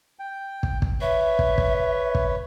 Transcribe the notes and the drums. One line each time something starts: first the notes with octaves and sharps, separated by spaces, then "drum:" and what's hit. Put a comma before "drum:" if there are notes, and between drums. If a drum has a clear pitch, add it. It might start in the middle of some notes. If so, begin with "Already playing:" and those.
G5
drum: kick
drum: kick
B4 C#5 E5
drum: kick
drum: kick
drum: kick